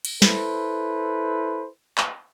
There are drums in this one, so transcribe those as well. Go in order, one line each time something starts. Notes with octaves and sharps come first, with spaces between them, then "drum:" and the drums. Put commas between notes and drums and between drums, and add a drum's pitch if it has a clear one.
drum: cymbal
E4 A4 B4 C5, drum: snare
drum: clap